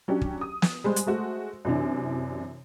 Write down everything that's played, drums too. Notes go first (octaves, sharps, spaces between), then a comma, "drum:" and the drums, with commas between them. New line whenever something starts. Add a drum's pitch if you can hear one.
F#3 C#4 D4 G4
drum: kick
D#6
drum: snare
G3 G#3 C5
drum: hi-hat
G#3 A3 F#4 C5
F#2 C3 E3 D4